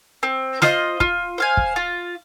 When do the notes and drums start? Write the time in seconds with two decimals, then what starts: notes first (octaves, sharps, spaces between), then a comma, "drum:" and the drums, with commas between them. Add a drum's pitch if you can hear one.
0.23 C4
0.62 F4 C5 D#5, drum: snare
1.00 F4, drum: kick
1.38 C5 F5 G#5
1.57 drum: kick
1.76 F4